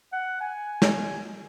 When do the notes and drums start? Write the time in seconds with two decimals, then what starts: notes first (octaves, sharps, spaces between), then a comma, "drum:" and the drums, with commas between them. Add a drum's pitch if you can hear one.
0.13 F#5
0.41 G#5
0.82 drum: snare